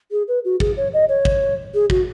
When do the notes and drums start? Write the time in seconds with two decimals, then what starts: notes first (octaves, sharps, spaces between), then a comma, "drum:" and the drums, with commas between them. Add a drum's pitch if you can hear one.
0.12 G#4
0.28 B4
0.45 F#4
0.60 G#4, drum: kick
0.77 C#5
0.93 D#5
1.09 C#5
1.25 drum: kick
1.74 G#4
1.90 F#4, drum: kick